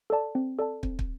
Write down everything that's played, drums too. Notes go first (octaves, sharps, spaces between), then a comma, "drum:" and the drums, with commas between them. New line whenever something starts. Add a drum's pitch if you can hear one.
A4 D5 A5
C4
A4 D5 A5
C4, drum: kick
drum: kick